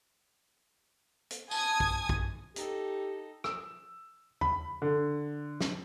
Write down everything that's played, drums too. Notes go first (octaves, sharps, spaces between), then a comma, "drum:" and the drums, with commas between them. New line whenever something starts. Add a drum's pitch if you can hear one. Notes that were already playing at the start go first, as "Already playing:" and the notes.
drum: hi-hat
G#5 A5 D#6 G#6, drum: tambourine
drum: kick
drum: kick
D#4 G4 A4, drum: hi-hat
E6, drum: rim click
B5, drum: tom E2
D3
drum: snare